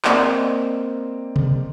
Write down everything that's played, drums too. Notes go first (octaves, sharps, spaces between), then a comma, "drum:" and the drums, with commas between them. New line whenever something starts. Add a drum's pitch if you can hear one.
A#3 C4 D5 D#5, drum: clap
drum: tom C3